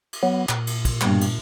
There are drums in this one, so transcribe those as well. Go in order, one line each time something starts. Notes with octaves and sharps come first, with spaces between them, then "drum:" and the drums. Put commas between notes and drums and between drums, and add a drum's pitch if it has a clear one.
drum: cymbal
F#3 B3
A#2, drum: clap
drum: cymbal
drum: kick, cymbal
G2 B2 A#3, drum: clap
drum: cymbal